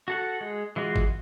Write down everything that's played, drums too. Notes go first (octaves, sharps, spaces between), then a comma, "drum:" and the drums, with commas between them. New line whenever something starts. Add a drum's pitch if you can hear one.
F#4 A4 F#5
G#3
E3 G#3 F4 F#4
drum: kick G1